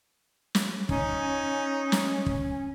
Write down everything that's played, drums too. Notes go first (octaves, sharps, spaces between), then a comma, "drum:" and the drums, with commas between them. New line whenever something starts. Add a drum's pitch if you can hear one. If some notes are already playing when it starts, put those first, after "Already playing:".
drum: snare
C#4 D#4, drum: kick
drum: snare
drum: kick